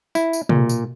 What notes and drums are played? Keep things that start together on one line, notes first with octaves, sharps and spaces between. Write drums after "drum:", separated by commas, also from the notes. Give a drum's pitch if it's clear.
E4, drum: tambourine
drum: tambourine
A#2, drum: tom
drum: tambourine